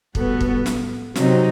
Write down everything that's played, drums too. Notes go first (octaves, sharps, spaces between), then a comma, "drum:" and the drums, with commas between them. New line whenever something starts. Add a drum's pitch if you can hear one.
A2 G3 B3 F#4 A4, drum: kick
drum: kick
drum: snare
C3 F#3 C4 D#4, drum: snare